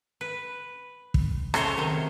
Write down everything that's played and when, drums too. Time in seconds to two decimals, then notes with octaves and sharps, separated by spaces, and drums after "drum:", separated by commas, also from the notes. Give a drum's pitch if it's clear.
0.21 B4
1.14 drum: kick
1.54 C#3 A3 C5 C#5, drum: rim click
1.77 C3 D#3 F#3